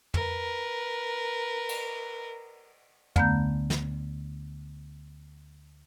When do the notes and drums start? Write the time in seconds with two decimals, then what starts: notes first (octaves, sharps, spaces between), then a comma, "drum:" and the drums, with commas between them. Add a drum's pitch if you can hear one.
0.14 A#4 B4, drum: tom
1.69 drum: cymbal
3.16 D2 D3 A3 B3 A#5 G6, drum: tom
3.70 drum: snare